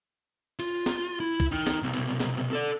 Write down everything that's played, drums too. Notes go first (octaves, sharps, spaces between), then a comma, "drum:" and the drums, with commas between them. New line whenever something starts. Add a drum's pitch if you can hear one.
F4, drum: cymbal
drum: snare
E4
drum: kick, cymbal
D#4 G5
drum: snare
C2 B2
drum: cymbal
drum: snare
A4 D5